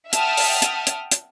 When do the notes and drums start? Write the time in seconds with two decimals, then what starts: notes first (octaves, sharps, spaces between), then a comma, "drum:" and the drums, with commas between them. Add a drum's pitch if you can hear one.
0.13 E5 F#5 G5 A5 D#6 F6, drum: hi-hat
0.37 drum: open hi-hat
0.62 drum: hi-hat
0.87 drum: hi-hat
1.11 drum: hi-hat